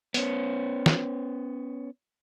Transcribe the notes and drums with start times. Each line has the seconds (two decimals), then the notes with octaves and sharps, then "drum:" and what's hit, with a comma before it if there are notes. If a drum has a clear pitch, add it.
0.14 B3 C#4, drum: hi-hat
0.86 drum: snare